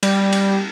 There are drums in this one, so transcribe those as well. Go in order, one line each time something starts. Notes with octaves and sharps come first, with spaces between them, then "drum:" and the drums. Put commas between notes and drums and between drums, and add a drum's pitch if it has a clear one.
G3, drum: cymbal
drum: cymbal